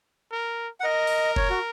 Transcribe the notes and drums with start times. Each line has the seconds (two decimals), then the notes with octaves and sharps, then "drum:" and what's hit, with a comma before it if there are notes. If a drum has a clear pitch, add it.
0.32 A#4
0.80 F#5
0.84 A#4 D#5
1.07 drum: open hi-hat
1.36 C#5, drum: kick F1
1.50 F#4